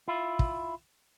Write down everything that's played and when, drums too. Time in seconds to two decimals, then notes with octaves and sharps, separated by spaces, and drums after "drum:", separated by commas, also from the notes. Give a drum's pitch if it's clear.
0.08 E4 F4
0.39 drum: kick